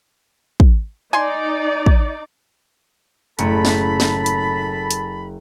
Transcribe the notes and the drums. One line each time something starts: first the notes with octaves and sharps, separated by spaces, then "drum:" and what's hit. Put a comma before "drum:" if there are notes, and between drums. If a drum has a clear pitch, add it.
drum: kick
D#4 D5 G#5 C6
drum: kick
F#1 A2 A3 A4 A5 B5 C#7, drum: hi-hat
drum: snare
drum: snare
drum: hi-hat
drum: hi-hat